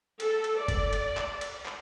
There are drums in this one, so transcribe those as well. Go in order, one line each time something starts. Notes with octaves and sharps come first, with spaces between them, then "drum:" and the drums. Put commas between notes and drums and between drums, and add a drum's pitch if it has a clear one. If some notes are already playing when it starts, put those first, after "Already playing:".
A4, drum: cymbal
drum: cymbal
D5
drum: kick, cymbal
drum: cymbal
drum: clap
drum: cymbal
drum: clap